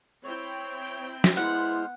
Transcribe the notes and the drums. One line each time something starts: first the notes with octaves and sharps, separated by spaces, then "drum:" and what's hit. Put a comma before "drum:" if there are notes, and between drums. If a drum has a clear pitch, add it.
C4 E4 C#5 G5
drum: snare
G#3 B3 E4 C5 F#5 F6